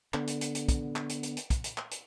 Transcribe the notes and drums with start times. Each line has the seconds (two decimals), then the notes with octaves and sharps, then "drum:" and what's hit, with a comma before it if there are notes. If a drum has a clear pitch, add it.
0.14 D3 B3, drum: clap
0.27 drum: hi-hat
0.41 drum: hi-hat
0.55 drum: hi-hat
0.68 drum: kick, hi-hat
0.96 drum: clap
1.09 drum: hi-hat
1.23 drum: hi-hat
1.37 drum: hi-hat
1.50 drum: kick, hi-hat
1.64 drum: hi-hat
1.78 drum: clap
1.91 drum: hi-hat